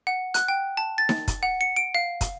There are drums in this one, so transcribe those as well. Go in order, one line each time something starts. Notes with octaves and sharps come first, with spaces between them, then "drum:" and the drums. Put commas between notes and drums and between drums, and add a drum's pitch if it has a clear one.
F#5
F#6, drum: hi-hat
G5
A5
A6
drum: snare D#4
drum: kick, hi-hat
F#5
C#7
D7
F5
drum: kick, hi-hat